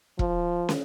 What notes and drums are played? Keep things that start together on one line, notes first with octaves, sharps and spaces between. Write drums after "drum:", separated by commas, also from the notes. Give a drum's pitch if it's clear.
F3, drum: kick E1
drum: snare